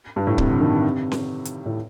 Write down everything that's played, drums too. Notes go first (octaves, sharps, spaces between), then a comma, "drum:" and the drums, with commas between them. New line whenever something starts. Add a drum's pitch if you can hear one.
G2
A2
C3, drum: kick C#1
D3
D#3
C3
drum: snare C#4
drum: hi-hat
A2